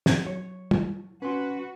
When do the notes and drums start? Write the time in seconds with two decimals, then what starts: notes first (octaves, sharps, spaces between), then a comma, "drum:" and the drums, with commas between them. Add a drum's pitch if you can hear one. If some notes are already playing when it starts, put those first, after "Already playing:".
0.06 drum: snare
0.27 F#3 C#5
0.71 drum: tom
1.22 C#4 F#4 B4 C6